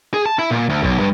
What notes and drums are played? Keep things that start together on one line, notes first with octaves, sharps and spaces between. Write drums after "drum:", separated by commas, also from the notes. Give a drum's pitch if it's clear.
G#4
A5
E4
A#2
D2
B1, drum: kick A#1
G2